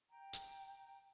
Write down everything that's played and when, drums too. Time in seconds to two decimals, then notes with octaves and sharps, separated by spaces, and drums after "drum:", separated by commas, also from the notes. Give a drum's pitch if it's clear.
0.09 G5 A#5
0.33 drum: hi-hat